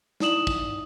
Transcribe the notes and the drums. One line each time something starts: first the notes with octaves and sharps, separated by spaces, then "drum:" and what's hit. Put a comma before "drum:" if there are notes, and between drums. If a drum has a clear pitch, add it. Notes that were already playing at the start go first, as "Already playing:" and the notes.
D#4 E4 D5 D#6 E7 F#7, drum: snare
drum: kick, tambourine